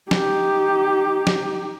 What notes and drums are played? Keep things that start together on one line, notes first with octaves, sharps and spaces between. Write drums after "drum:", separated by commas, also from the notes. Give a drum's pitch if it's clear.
D#4 G4, drum: snare
drum: snare